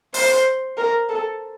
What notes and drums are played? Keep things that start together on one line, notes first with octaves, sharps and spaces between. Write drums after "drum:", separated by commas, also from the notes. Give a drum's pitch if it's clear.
C5, drum: open hi-hat
A#4
A4